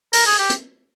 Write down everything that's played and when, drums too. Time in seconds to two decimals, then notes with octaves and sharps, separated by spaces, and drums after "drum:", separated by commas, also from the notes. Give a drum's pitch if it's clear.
0.13 A#4, drum: open hi-hat
0.27 G#4
0.39 G4
0.50 drum: hi-hat